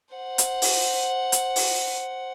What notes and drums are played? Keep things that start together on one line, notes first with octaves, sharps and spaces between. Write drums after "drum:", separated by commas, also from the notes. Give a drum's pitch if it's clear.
C5 F#5
drum: hi-hat
drum: open hi-hat
drum: hi-hat
drum: open hi-hat